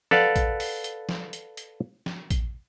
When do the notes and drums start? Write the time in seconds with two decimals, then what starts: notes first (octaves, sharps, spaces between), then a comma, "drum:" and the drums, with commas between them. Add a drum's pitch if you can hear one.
0.11 A4 B4 D5 F5 F#5, drum: snare
0.36 drum: kick A1, hi-hat
0.60 drum: open hi-hat
0.84 drum: hi-hat
1.09 drum: snare
1.33 drum: hi-hat
1.57 drum: hi-hat
2.06 drum: snare
2.30 drum: kick A1, hi-hat